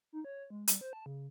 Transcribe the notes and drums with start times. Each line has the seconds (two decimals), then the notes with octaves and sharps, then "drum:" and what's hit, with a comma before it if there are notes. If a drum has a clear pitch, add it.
0.13 D#4
0.25 C#5
0.50 G#3
0.68 G3, drum: hi-hat
0.81 C5
0.93 A5
1.06 C#3